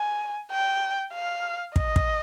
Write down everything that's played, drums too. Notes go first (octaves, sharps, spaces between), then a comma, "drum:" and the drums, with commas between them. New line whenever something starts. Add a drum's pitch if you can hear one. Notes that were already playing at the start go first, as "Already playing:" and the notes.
Already playing: G#5
G5
F5
D#5, drum: kick
drum: kick